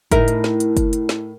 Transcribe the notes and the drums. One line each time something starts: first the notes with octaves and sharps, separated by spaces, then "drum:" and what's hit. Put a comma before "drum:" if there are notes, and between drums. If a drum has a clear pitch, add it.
A2 D#4 E4 A#4, drum: kick F#1, hi-hat
drum: hi-hat
drum: snare
drum: hi-hat
drum: kick F#1, hi-hat
drum: hi-hat
drum: snare